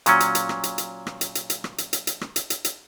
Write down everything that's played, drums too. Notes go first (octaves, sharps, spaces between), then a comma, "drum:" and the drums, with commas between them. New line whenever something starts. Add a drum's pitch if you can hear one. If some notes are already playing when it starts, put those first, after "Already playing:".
A#2 F#3 C#4, drum: hi-hat
drum: hi-hat
drum: hi-hat
drum: rim click
drum: hi-hat
drum: hi-hat
drum: rim click
drum: hi-hat
drum: hi-hat
drum: hi-hat
drum: rim click
drum: hi-hat
drum: hi-hat
drum: hi-hat
drum: rim click
drum: hi-hat
drum: hi-hat
drum: hi-hat